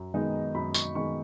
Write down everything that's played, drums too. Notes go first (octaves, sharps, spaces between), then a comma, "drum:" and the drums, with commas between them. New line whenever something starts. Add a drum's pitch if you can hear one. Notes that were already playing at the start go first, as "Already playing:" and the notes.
Already playing: F#2
D#3 G#3 B3 D#4 D#5
F#2 B5
C#6, drum: tambourine
D#3 G#3 B3 D#4 C#6